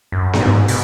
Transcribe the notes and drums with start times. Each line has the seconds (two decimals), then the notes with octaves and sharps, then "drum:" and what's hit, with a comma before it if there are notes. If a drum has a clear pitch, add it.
0.12 F#2
0.33 A#2, drum: snare B3
0.41 G#2
0.68 B2, drum: open hi-hat